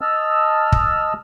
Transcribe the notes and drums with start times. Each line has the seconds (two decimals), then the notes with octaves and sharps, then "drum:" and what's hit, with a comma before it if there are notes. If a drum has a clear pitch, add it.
0.01 D#5 A5 E6 F6
0.72 drum: kick